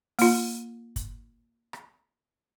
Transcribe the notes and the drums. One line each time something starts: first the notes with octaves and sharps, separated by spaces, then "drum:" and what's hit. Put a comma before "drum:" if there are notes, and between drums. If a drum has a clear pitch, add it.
A#3 F4, drum: open hi-hat
drum: kick, hi-hat
drum: rim click